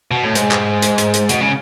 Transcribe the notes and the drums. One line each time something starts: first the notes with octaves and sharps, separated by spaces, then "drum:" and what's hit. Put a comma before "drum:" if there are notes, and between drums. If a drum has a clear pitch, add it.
B2
A2
G#2, drum: hi-hat
drum: clap
drum: hi-hat
drum: hi-hat
drum: hi-hat
B2, drum: hi-hat
C#3